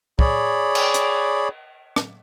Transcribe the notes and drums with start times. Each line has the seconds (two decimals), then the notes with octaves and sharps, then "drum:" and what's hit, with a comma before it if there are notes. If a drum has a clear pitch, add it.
0.19 G#4 C#5 D5 B5, drum: kick
0.75 drum: cymbal
0.94 drum: hi-hat
1.96 drum: rim click